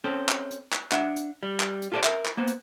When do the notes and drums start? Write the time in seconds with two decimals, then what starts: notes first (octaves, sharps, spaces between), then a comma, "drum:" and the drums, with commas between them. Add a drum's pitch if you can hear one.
0.04 C4 C#4 A4 C5
0.29 drum: clap
0.51 drum: hi-hat
0.73 drum: clap
0.92 D4 E5 F#5, drum: clap
1.16 drum: hi-hat
1.43 G3
1.60 drum: clap
1.82 drum: hi-hat
1.92 F4 G4 A4 B4 C5 D5
2.04 A#4 E5, drum: clap
2.25 drum: clap
2.37 A#3 B3 C5
2.47 drum: hi-hat